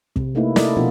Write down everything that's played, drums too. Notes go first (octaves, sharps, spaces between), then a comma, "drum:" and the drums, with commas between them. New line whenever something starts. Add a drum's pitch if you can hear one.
C3, drum: kick
A3 A#3 D#4 E4 B4
E4 A4 A#4 D5 D#5, drum: snare
B2 F3 B3 D4 F4